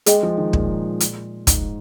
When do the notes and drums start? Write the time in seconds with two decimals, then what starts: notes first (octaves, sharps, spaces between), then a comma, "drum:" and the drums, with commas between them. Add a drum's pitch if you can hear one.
0.06 G#3 G#4 D#5 G5, drum: hi-hat
0.23 F3
0.37 D#3
0.53 A#2, drum: kick
1.00 drum: hi-hat
1.47 G#2, drum: kick, hi-hat